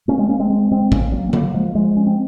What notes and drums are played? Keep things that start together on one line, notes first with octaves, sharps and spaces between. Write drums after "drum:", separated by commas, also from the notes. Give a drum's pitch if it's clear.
A#3 C#4
G#3 C4
A#3 C#4
G#3 C4
G#3 C4
G#3 C4
A#3 C#4, drum: kick
F#3 A#3
C4
F#3 A#3, drum: tom D3
F3 G#3
A#3
F3 G#3
C#4
C4